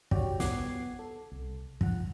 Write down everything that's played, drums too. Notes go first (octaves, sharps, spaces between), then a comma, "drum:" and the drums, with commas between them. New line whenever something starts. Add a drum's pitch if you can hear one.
F#4 G4 C#5 D5 G5, drum: kick
B3 F#5 D6 G#6 C7, drum: snare
A4
C2
F3 F#5, drum: kick